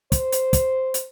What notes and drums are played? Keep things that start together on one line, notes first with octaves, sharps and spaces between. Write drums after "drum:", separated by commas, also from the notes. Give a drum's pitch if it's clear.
C5, drum: kick, hi-hat
drum: hi-hat
drum: kick, hi-hat
drum: hi-hat